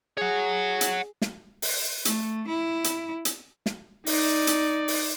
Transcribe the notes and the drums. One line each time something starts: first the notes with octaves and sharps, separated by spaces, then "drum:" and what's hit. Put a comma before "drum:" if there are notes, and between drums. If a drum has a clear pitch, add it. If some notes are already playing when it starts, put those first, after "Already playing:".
G#4 C#5 F#5
drum: hi-hat
drum: snare
drum: open hi-hat
A3, drum: hi-hat
E4
drum: hi-hat
drum: hi-hat
drum: snare
D#4 D5, drum: open hi-hat
drum: hi-hat
drum: open hi-hat